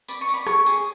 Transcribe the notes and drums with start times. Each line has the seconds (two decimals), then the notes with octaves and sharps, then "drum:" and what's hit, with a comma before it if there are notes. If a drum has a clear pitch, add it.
0.08 D5 B5, drum: tambourine
0.21 C#6
0.28 D5, drum: tambourine
0.34 B5
0.47 C#5 C#6, drum: rim click
0.66 G#4, drum: tambourine